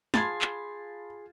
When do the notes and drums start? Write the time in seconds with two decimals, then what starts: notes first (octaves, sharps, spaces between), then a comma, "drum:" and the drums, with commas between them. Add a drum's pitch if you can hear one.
0.14 F4 G#4 A5 B5 G#6 A6 C7, drum: snare
0.42 drum: clap